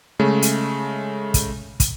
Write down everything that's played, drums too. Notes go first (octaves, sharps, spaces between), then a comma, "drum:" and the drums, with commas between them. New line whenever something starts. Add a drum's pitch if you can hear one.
C#3 G#3 A3
drum: hi-hat
drum: kick, hi-hat
drum: kick, hi-hat